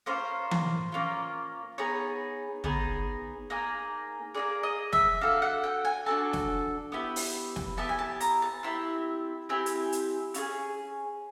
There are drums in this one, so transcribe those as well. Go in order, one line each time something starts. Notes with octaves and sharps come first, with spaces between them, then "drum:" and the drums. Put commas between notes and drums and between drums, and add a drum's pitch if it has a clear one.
A#3 C#4 F4 C5
drum: tom E3
A#3 C#4 F4
B3 D#4 G#4 C#5
B3 D#4 G#4, drum: tom
A#3 D#4 G#4
A#3 D#4 G#4 D5
D#5
E5, drum: snare
D4 F#4 A4 F5
F#5
G5
G#5
D4 F#4 A4 A5
drum: snare
B3 E4 G4
drum: open hi-hat
drum: snare
B3 E4 G4 A5
G#5
A5
A#5, drum: hi-hat
A5
C4 E4 G4
C4 E4 G4 G#5
drum: hi-hat
drum: hi-hat
C#4 F4 G#4, drum: hi-hat